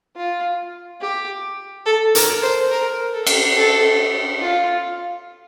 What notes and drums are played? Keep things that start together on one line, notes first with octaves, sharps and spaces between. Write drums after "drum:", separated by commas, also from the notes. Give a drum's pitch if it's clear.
F4
G4
A4
A#4, drum: hi-hat
C5
A#4
A4
drum: cymbal
A4
F4